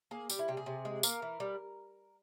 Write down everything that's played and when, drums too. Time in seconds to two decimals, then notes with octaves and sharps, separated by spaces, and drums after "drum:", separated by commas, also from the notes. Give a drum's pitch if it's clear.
0.11 A#3 G#4
0.30 G3 G4, drum: tambourine
0.39 E4
0.48 C3 G4
0.57 G#4
0.66 C3
0.85 G#3
1.03 A#3 A#4, drum: tambourine
1.22 E3
1.40 G3